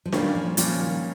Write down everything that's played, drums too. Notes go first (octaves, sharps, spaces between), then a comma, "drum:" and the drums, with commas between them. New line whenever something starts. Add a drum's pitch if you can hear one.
F3
A#2 D#3 G3 C#4 F4, drum: snare D4
F3
A#2 F3 G3 C#4 F4, drum: hi-hat
D#3